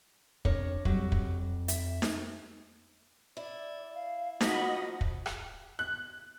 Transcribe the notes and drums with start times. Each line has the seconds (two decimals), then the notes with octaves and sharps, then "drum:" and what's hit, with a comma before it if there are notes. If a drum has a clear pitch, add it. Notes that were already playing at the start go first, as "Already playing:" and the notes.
0.45 F2 D4 A#4 C#5, drum: kick
0.85 F2 F#3 G3, drum: kick
1.12 drum: kick
1.68 E5, drum: hi-hat
2.02 drum: snare D#4
3.37 E4 D5
3.94 F5
4.41 F3 A#3 F#4 D#5 F#5 B5, drum: snare D#4
5.01 drum: kick
5.26 drum: rim click
5.79 F#6